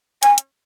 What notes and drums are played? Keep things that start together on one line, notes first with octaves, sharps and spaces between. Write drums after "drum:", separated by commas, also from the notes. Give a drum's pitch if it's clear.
G#5, drum: hi-hat
drum: hi-hat